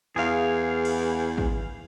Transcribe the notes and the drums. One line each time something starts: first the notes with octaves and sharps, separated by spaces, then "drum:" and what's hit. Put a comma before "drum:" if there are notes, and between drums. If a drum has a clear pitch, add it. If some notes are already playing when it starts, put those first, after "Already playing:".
E2 G#4 F5
drum: cymbal
drum: kick